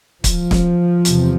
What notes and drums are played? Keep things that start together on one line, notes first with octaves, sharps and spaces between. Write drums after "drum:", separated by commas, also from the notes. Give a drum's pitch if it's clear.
F3, drum: kick, hi-hat
drum: snare
E2 C3, drum: hi-hat